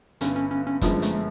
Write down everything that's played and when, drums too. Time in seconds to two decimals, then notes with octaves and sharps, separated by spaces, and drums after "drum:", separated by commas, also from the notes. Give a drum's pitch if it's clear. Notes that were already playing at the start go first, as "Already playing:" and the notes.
0.21 G1 G2 D3 C#4, drum: hi-hat
0.36 C#4
0.51 C#4
0.67 C#4
0.81 G1 F#2 D3 F3 G3 G#3, drum: kick, hi-hat
1.02 A3, drum: hi-hat